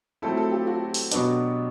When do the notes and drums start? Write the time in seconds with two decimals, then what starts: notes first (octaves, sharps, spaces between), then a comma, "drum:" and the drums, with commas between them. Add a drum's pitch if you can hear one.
0.22 F#3 A3 C4 E4 A4
0.37 A4
0.52 G4
0.67 F#4
0.94 drum: open hi-hat
1.11 B2 F#3 B3 D4, drum: hi-hat